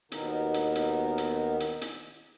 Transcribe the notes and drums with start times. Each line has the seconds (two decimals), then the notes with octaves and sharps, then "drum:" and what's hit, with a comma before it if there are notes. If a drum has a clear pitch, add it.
0.12 D#2 B2 D#3 B3 D#4 A#4, drum: hi-hat
0.54 drum: hi-hat
0.75 drum: hi-hat
1.18 drum: hi-hat
1.60 drum: hi-hat
1.81 drum: hi-hat